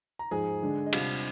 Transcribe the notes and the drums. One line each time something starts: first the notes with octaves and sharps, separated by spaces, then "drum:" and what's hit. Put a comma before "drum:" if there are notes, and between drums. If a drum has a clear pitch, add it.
A#5
G#2 F3 G#3 G#4 G#5
D3 G#3 D4
D#5
C3 G3 D4 F4 F5, drum: cymbal